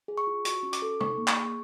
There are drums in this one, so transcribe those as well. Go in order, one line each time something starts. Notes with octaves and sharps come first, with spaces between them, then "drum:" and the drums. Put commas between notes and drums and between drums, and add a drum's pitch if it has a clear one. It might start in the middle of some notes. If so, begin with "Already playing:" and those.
G#4
C#6
F4
F#4 C#6, drum: hi-hat
C#4
D6, drum: hi-hat
A4
D#4 C#6, drum: tom
A#3
C#6, drum: clap
G#4